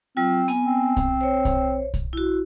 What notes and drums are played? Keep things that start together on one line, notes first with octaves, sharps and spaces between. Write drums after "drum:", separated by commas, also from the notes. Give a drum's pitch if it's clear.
F#3 C4 F4
B3 G#5, drum: hi-hat
C4
drum: kick B1, hi-hat
C5 C#5
drum: kick B1, hi-hat
drum: kick B1, hi-hat
E4 F#4